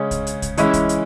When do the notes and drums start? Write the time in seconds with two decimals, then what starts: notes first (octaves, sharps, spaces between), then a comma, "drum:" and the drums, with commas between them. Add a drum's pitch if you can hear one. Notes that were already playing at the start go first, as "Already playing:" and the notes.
Already playing: C#3 G#3 C#4
0.11 drum: kick, hi-hat
0.27 drum: hi-hat
0.42 drum: kick, hi-hat
0.57 E3 G#3 C#4 E4, drum: hi-hat
0.74 drum: kick, hi-hat
0.89 drum: hi-hat